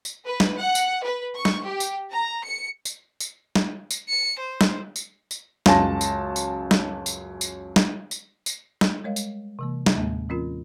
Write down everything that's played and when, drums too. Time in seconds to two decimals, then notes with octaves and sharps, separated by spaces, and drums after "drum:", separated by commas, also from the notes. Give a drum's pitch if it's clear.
0.05 drum: tambourine
0.25 B4
0.40 drum: snare
0.59 F#5
0.75 drum: tambourine
1.03 B4
1.35 C#6
1.45 drum: snare
1.66 G4
1.80 drum: tambourine
2.11 A#5
2.44 C#7
2.85 drum: tambourine
3.20 drum: tambourine
3.56 drum: snare
3.91 drum: tambourine
4.09 C#7
4.40 C5
4.61 drum: snare
4.96 drum: tambourine
5.31 drum: tambourine
5.66 C#2 F#2 A5 A#6, drum: snare
6.01 drum: tambourine
6.36 drum: tambourine
6.71 drum: snare
7.06 drum: tambourine
7.41 drum: tambourine
7.76 drum: snare
8.11 drum: tambourine
8.46 drum: tambourine
8.81 drum: snare
9.04 G3 G#3 A#4 C#5 D#5 F5
9.16 drum: tambourine
9.59 C3 E3 A#3
9.86 drum: snare
9.96 D#2 A2 G#3 A#3
10.29 E3 C4 C#4 F4 A#4